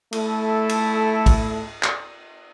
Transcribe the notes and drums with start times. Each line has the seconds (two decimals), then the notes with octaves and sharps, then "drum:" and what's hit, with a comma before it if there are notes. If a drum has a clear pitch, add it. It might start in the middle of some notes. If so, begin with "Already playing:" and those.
0.13 A3 E4 A4, drum: cymbal
0.69 drum: cymbal
1.26 drum: kick A1, cymbal
1.83 drum: clap